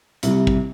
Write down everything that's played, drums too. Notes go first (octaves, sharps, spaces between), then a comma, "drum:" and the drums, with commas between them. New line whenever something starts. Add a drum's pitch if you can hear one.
C2 C3 G3, drum: hi-hat
drum: kick